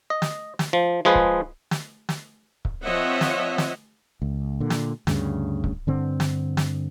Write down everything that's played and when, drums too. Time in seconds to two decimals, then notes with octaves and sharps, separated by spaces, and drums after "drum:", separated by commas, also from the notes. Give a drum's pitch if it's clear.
0.10 D#5
0.22 drum: snare
0.59 drum: snare
0.73 F3
1.05 F3 G#3 G#4 B4
1.15 drum: kick C#1
1.71 drum: snare
2.09 drum: snare
2.65 drum: kick C#1
2.83 F3 C4 C#5 D#5 E5 F#5
3.21 drum: snare
3.58 drum: snare
4.22 C#2
4.60 A#2 D3
4.70 drum: snare
5.07 D2 G2 C#3, drum: snare
5.64 drum: kick C#1
5.87 G2 D3 C4
6.20 drum: snare
6.57 drum: snare